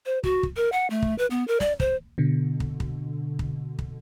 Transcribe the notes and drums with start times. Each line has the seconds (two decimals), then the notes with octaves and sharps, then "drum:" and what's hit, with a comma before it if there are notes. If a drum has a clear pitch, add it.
0.06 C5
0.24 F#4, drum: kick
0.43 drum: kick
0.57 A#4
0.72 F#5
0.90 A3
1.02 drum: kick
1.18 B4
1.30 B3
1.48 A#4
1.60 D5, drum: snare
1.80 C5, drum: kick
2.18 B2 D3
2.60 drum: kick
2.80 drum: kick
3.39 drum: kick
3.79 drum: kick